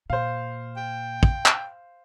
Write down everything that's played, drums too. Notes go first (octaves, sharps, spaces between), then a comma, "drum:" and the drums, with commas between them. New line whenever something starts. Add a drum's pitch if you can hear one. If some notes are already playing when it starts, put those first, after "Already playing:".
A#2 C5 F5
G5
drum: kick
drum: clap